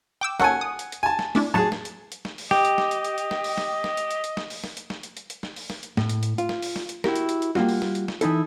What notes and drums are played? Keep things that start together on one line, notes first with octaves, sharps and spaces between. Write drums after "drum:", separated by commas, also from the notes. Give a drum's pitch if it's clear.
G5 D6 E6
A#3 C#4 A4 F#5 G#5, drum: snare
D#6
drum: hi-hat
drum: hi-hat
G#5 A5
drum: snare
A3 D4 E4, drum: open hi-hat
A2 F#3 G#4 A5
drum: snare
drum: hi-hat
drum: hi-hat
drum: snare
drum: open hi-hat
G4 D#5, drum: snare
drum: hi-hat
drum: snare
drum: hi-hat
drum: hi-hat
drum: hi-hat
drum: snare
drum: open hi-hat
drum: snare
drum: snare
drum: hi-hat
drum: hi-hat
drum: hi-hat
drum: snare
drum: open hi-hat
drum: snare
drum: hi-hat
drum: snare
drum: hi-hat
drum: hi-hat
drum: hi-hat
drum: snare
drum: open hi-hat
drum: snare
drum: hi-hat
A2, drum: snare
drum: hi-hat
drum: hi-hat
F4, drum: hi-hat
drum: snare
drum: open hi-hat
drum: snare
drum: hi-hat
E4 F#4 G4 A#4, drum: snare
drum: hi-hat
drum: hi-hat
drum: hi-hat
G3 A#3 C4 F4 F#4, drum: snare
drum: open hi-hat
drum: snare
drum: hi-hat
drum: snare
E3 D#4 E4 A4, drum: hi-hat